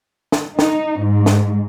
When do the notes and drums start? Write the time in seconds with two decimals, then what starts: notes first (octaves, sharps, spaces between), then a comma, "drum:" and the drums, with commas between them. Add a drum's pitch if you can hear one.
0.32 drum: snare
0.59 D#4, drum: snare
1.02 G#2
1.26 drum: snare